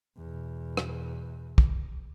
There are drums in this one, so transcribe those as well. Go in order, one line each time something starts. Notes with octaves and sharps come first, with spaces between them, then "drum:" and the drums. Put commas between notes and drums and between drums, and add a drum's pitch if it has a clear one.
E2 B2
drum: rim click
drum: kick